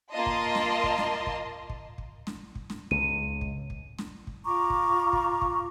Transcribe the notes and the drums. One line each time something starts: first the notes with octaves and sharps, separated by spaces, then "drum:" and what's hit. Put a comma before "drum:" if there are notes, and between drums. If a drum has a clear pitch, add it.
A#3 F4 A#4 D#5 A5 C6
drum: kick
drum: snare
drum: kick
drum: snare
drum: kick
drum: kick
drum: kick
drum: snare
drum: kick
drum: snare
C#2 D#7
drum: kick
drum: kick
drum: snare
drum: kick
F4 A#5 C#6 D6
drum: kick
drum: kick
drum: kick